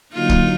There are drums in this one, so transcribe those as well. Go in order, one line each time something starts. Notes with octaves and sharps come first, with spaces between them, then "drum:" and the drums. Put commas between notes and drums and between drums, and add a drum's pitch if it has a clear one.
D3 F#3 A#3 D#4 F4
drum: kick